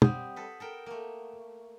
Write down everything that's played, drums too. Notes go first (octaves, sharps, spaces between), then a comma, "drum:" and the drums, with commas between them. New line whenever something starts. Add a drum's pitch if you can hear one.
G3 C4 F#5 D#6 G6, drum: tom
A4 B4
A4 A#4 G5
A3 A#3